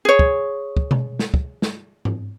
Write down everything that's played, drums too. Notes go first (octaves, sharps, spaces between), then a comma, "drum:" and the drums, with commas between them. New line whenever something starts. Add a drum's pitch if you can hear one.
G#4 C#5
drum: kick
drum: kick
drum: tom B2
drum: snare
drum: kick
drum: snare
drum: tom G#2